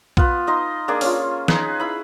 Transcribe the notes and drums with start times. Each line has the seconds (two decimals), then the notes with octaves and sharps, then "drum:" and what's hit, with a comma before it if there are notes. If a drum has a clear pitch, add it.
0.17 B3 F4 B4, drum: kick B1
0.47 D#4 D#5 C6
0.88 A#3 D4 G#4
1.01 C#4 F4, drum: open hi-hat
1.48 D#4 G#4 B4, drum: snare
1.80 E4 B5